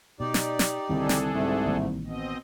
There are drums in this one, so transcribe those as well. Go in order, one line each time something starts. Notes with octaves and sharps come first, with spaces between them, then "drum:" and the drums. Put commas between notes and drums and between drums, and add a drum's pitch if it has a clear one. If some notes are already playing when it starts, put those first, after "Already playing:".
B2 D#4 G4 D5
drum: snare
drum: snare
C2 D3 D#3 G3 D4 G#4 A4
drum: snare
C2 G#2 C3 A3
A1 D#3 A#3
B2 C4 D#5